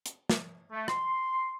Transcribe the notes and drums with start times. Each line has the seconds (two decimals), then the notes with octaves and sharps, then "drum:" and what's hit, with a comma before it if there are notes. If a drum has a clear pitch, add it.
0.06 drum: hi-hat
0.30 drum: snare
0.72 A3
0.88 C6, drum: rim click